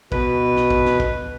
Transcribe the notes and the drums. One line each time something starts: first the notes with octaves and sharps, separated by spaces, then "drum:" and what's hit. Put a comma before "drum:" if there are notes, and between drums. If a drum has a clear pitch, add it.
B2 B4, drum: kick
drum: snare
drum: kick
drum: snare
drum: kick